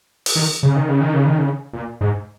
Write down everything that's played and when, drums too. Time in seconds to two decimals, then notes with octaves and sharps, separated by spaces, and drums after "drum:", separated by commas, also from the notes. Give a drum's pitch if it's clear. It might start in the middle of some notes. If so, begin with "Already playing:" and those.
0.26 drum: open hi-hat
0.35 D#3
0.63 C#3
0.76 D#3
0.89 C#3
1.01 D#3
1.14 C#3
1.26 D#3
1.39 C#3
1.73 A#2
2.01 G#2